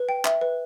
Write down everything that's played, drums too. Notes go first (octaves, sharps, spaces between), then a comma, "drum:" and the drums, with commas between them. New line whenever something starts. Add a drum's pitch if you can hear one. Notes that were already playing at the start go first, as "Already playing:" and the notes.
Already playing: B4
G5
E5, drum: clap
B4